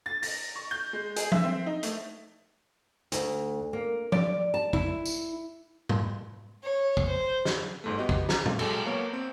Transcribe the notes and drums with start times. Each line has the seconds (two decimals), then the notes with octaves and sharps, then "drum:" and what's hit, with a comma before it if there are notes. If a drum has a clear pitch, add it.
0.06 A6
0.23 A#6, drum: open hi-hat
0.56 C#6
0.71 G6
0.93 G#3
1.16 G#4, drum: hi-hat
1.32 E5, drum: tom
1.44 C4
1.66 D#4
1.83 A3, drum: hi-hat
3.12 D2, drum: hi-hat
3.73 A#3
4.12 D5, drum: tom
4.54 A5
4.73 E4, drum: kick
5.06 drum: tambourine
5.89 drum: tom
6.63 C#5
6.97 drum: kick
7.08 C5
7.45 drum: snare
7.84 G1 G#2 A3
7.98 B3 F#4 G4 D#5
8.09 drum: kick
8.29 A#5, drum: snare
8.46 drum: tom
8.59 F#3 G#3 A4, drum: cymbal
8.85 A#3 B3 C#5 C#6
9.13 C4